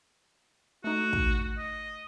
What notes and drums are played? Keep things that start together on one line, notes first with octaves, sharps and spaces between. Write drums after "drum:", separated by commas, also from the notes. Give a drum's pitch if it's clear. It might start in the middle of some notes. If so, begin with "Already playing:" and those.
A3 D#4 F#4
drum: kick
D#5